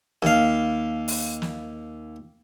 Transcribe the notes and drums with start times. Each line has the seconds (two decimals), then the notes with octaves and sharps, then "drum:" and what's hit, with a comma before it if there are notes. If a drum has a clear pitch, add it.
0.22 D#2 F5, drum: snare
1.08 drum: open hi-hat
1.42 drum: snare